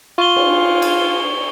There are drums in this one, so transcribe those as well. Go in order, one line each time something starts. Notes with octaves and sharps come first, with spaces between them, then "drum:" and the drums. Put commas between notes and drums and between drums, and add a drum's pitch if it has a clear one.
F4 C#6 G7
drum: cymbal
drum: cymbal